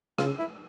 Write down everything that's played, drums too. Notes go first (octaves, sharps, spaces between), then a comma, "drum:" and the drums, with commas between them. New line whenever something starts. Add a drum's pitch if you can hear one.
C#3 F4, drum: rim click
E4